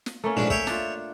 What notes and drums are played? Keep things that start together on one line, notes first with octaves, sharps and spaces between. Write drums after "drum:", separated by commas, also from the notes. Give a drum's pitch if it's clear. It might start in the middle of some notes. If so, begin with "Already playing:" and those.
drum: snare
A3 A#3 C#4
A#1 G#2 D4
C#5 E5 G5, drum: kick
D4 F4, drum: snare